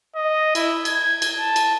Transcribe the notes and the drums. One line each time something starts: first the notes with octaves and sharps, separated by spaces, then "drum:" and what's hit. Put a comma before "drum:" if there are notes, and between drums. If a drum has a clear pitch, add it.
D#5
E4, drum: cymbal
G#6, drum: cymbal
drum: cymbal
A5
drum: cymbal